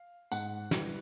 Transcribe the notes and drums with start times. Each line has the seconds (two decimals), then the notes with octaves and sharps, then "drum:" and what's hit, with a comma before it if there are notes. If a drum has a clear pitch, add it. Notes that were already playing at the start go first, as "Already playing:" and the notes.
Already playing: F5
0.32 G#2 F#5, drum: tambourine
0.71 E3 G3, drum: snare